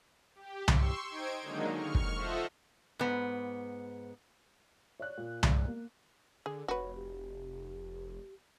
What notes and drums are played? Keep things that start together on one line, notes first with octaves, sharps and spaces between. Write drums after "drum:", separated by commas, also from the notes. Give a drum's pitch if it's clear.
G4
C6 C#6 E6, drum: tom C2
D#4 C5 G5 G#6 D7
D3 D#3 F#3 G#3 A#3 D#4
C#6 F6
drum: kick
F4 A4 C5 D#5 E5 F#5
G#2 B3
C#5 D5 F#6
A#2
G#3 D5, drum: tom C2
A#3
D3 G#4
F1 F#4 B4 C#5
G4